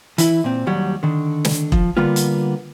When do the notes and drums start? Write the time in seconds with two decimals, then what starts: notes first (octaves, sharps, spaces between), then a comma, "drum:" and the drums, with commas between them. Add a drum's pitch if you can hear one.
0.18 E3 E4, drum: hi-hat
0.44 A#2 C4
0.67 D#2 F#3 G3 F#5
1.03 D3 D#3
1.45 drum: snare
1.72 F3, drum: kick E1
1.97 D3 G3 A#3 B3 F4
2.16 drum: hi-hat